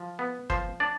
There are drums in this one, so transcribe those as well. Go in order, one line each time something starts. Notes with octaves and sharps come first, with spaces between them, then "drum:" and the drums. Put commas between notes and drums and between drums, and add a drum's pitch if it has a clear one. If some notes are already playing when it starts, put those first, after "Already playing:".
Already playing: F3
B3
F3 C5, drum: kick
D4 D5